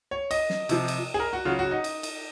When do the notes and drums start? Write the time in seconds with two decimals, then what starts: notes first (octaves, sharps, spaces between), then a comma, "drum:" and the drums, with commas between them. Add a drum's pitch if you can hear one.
0.11 C#5
0.31 D#5, drum: cymbal
0.50 drum: snare
0.69 C3 F3, drum: cymbal
0.88 drum: cymbal
1.14 G#4
1.20 A#4
1.33 F#4
1.45 C#3 F#3 F4
1.59 F#4
1.71 D#4
1.84 drum: cymbal
2.03 drum: cymbal